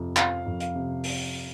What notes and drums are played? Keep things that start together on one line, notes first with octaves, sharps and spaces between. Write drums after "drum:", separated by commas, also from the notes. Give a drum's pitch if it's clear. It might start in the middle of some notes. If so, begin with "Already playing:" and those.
Already playing: F2 C3 F3
F3 F5, drum: clap
F2
F5, drum: hi-hat
C3
drum: open hi-hat